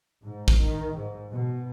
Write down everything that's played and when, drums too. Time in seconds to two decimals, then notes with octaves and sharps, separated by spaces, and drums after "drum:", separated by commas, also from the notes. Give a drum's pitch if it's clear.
0.22 G#2
0.48 drum: kick
0.59 D#3
0.96 G#2
1.31 B2